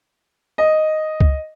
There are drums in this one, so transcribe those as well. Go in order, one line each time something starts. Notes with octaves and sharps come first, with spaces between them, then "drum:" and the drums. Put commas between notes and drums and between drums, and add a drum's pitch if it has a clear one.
D#5
drum: kick C#2